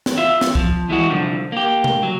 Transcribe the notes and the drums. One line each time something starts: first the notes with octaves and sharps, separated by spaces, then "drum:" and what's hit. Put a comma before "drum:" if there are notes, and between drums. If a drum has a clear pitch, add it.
drum: snare
F4 E5
drum: snare
F3, drum: kick
E2 E3 G#3 F#4
C2 D3 F3
A#3 G4
drum: tom C3
F#3